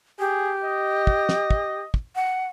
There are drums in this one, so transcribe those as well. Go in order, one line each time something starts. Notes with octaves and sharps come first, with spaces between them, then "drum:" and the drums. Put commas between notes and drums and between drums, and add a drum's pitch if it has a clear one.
G4 G#4
D#5
drum: kick
drum: snare
drum: kick
drum: kick
F#5